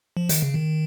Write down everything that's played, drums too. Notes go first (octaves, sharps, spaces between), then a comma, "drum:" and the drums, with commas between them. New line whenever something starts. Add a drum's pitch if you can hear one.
F3
D#3, drum: hi-hat
C#3
D#3